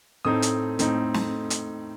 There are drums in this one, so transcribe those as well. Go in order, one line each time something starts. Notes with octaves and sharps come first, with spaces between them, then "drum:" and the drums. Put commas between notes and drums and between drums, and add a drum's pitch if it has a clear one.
A2 A3 C4 D#4 D#6
drum: hi-hat
A2 A3 C4 D#4, drum: hi-hat
drum: snare
drum: hi-hat